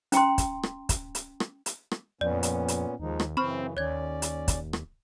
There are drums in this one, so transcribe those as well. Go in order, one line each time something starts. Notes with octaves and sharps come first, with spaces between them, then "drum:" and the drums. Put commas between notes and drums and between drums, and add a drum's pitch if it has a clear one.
C#4 G5 A#5 C6, drum: hi-hat
drum: kick, hi-hat
drum: rim click
drum: kick, hi-hat
drum: hi-hat
drum: rim click
drum: hi-hat
drum: rim click
F2 A#2 B3 C#4 D5
drum: hi-hat
drum: hi-hat
D#2 F3 G#3 D#4
drum: rim click
F#2 C#3 E3 C4 B5 C#6 F6
D#2 C#4 C#5 D5 G#6
drum: hi-hat
drum: kick, hi-hat
drum: rim click